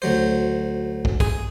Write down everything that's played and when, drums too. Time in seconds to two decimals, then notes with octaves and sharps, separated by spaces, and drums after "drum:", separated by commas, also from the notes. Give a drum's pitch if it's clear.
0.02 D2 F#3 C5
1.05 drum: kick
1.20 G#4, drum: kick